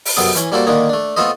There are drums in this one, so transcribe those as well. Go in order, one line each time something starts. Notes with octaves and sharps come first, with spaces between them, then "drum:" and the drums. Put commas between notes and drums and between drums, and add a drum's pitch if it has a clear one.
drum: open hi-hat
F#2 C3 B3 A4 D#6
E3 C#4, drum: hi-hat
G3 A#3 F#4 A4 C5 D5
D3 D#3 A#3 D4 D#4
A3 D4
A3 B3 F4 A4 C5 D#5